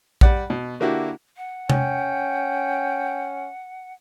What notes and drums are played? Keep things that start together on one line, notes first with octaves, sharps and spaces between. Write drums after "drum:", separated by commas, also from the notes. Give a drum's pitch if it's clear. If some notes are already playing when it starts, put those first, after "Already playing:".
G3 D5 F#5, drum: kick A#1
B2
D3 A#3 D4 E4 F#4 G4
F#5
C#4 G5, drum: tom C3